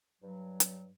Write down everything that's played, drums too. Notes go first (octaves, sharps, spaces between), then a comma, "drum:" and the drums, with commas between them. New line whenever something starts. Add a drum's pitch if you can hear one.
G2 F#3
drum: hi-hat